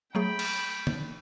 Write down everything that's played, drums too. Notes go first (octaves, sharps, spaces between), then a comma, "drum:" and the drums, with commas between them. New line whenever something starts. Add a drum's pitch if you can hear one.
F#3 A3 G#4 G5 B5
drum: cymbal
drum: tom